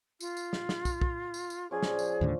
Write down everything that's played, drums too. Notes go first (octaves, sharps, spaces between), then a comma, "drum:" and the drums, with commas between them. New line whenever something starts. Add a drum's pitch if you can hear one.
F4, drum: tambourine
drum: tambourine
drum: snare
drum: snare
drum: kick, tambourine
drum: kick
drum: tambourine
drum: tambourine
F3 C#4 G#4 D5
drum: snare
drum: tambourine
D#2 A2 D3